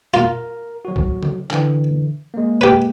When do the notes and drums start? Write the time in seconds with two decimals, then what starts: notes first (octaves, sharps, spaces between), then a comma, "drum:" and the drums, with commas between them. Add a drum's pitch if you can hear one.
0.14 F4 A#4, drum: hi-hat
0.85 F#3 F#4
0.96 drum: kick
1.23 drum: tom C#3
1.50 D3 E3, drum: clap
2.34 G#3 A#3
2.61 G4 B4